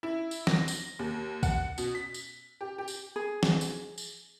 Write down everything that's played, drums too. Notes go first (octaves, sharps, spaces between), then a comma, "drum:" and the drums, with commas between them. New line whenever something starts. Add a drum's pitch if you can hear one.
E4
drum: tambourine
A#6, drum: snare
drum: tambourine
D#2
F#5, drum: kick B1, tambourine
B2, drum: tambourine
B6
drum: tambourine
G4
G4
drum: tambourine
G#4
drum: snare
drum: tambourine
drum: tambourine